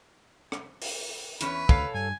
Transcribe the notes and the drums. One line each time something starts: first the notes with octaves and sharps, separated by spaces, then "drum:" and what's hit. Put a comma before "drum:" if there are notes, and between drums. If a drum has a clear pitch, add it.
drum: rim click
drum: open hi-hat
E2 C#4 B4 C#5, drum: hi-hat
D2 A4 C#5 F5, drum: kick
G2 G#5